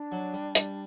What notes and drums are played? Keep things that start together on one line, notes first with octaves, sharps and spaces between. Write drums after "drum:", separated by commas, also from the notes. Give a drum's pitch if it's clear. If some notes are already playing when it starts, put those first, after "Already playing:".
Already playing: D4
F#3
G3
G3, drum: hi-hat